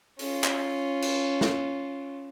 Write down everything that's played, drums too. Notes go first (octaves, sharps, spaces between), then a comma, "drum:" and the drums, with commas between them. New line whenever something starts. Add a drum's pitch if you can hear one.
C#4 F4, drum: open hi-hat
drum: clap
drum: cymbal
drum: snare